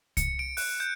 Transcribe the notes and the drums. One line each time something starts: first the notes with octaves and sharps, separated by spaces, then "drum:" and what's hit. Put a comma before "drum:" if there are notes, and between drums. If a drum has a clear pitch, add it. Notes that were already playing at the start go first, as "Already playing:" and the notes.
C#7, drum: kick C2, hi-hat
D7
F#6, drum: open hi-hat
G6